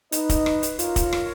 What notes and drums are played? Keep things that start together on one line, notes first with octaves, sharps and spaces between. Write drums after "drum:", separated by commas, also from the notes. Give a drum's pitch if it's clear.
D#4 B4 D#5, drum: hi-hat
drum: kick, hi-hat
drum: rim click
drum: hi-hat
F4 A#4 C#5, drum: hi-hat
drum: kick, hi-hat
drum: rim click